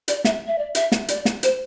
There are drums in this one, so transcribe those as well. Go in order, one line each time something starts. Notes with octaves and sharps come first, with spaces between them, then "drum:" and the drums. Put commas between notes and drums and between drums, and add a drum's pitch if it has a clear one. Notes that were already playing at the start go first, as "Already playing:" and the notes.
D5, drum: hi-hat
E5, drum: snare
E5
D5
E5, drum: hi-hat
drum: snare
D5, drum: hi-hat
drum: snare
C5, drum: hi-hat